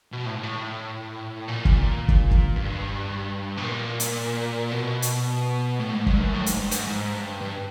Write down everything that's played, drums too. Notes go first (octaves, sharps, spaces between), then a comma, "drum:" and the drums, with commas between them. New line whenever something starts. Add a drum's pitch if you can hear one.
B2
A2
G#2
A2
A#2
drum: kick
drum: kick
drum: kick
G2
B2
A#2
drum: hi-hat
B2
drum: hi-hat
A2
G#2
G2, drum: kick
F#2
A2
G#2, drum: hi-hat
G2
G#2, drum: hi-hat
G#2
G2
G2